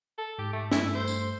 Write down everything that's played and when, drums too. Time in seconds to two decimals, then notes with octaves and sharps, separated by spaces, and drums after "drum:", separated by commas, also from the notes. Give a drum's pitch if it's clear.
0.18 A4
0.39 G#2 G4
0.53 A3
0.71 G2 A3 E4 E6, drum: snare
0.95 C5
1.07 drum: tambourine